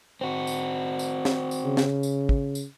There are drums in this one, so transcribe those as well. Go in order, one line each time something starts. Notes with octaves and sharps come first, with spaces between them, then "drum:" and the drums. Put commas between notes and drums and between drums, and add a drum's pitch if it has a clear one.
C4 F#4
drum: tambourine
drum: tambourine
drum: snare
drum: tambourine
C#3
drum: snare
drum: tambourine
drum: kick
drum: tambourine